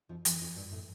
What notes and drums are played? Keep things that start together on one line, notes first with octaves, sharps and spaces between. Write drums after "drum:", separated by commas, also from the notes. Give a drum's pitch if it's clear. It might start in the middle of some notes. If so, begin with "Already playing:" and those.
F2 F3
F2 F3, drum: hi-hat
E3
F2 F3
G2 G3
A2 A3